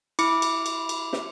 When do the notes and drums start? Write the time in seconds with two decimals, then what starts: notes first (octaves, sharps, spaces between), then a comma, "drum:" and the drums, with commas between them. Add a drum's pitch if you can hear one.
0.19 E4 D6 C#7, drum: cymbal
0.42 drum: cymbal
0.66 drum: cymbal
0.89 drum: cymbal
1.13 drum: snare